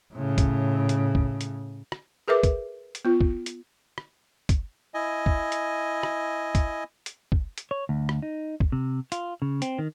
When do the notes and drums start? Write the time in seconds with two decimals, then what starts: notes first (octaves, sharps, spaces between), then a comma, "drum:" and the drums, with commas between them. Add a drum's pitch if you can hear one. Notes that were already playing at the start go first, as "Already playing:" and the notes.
0.13 A2 C#3
0.38 drum: kick G1, hi-hat
0.89 drum: hi-hat
1.15 drum: kick G1
1.41 drum: hi-hat
1.92 drum: rim click
2.28 G#4 A#4 B4 E5 D6
2.43 drum: kick G1, hi-hat
2.95 drum: hi-hat
3.05 B3 F4
3.21 drum: kick G1
3.46 drum: hi-hat
3.98 drum: rim click
4.49 drum: kick G1, hi-hat
4.94 E4 D#5 G#5
5.26 drum: kick G1
5.52 drum: hi-hat
6.03 drum: rim click
6.55 drum: kick G1, hi-hat
7.06 drum: hi-hat
7.32 drum: kick G1
7.58 drum: hi-hat
7.71 C#5
7.89 D2
8.09 drum: rim click
8.22 D#4
8.60 drum: kick G1
8.72 C3
9.12 F4, drum: hi-hat
9.42 C#3
9.62 C4, drum: hi-hat
9.79 D#3